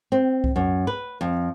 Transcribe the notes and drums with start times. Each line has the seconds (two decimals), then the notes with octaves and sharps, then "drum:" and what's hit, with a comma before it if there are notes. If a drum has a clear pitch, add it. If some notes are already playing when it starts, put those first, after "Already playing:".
0.12 C4
0.44 drum: kick C2
0.56 F#2
0.87 B4
1.21 F2